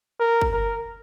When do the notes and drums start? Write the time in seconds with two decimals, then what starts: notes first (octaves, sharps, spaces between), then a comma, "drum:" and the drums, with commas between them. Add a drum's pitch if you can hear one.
0.20 A#4
0.41 drum: kick G1
0.52 A#4